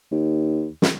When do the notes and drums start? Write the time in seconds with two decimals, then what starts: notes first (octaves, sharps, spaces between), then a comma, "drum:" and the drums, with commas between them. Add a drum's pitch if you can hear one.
0.12 D#2
0.82 drum: snare